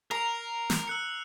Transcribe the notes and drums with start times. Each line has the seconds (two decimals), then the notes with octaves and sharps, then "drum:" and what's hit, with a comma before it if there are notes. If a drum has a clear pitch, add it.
0.11 A#4 A#5 C7 F7
0.70 drum: snare
0.87 E6 F#6 C#7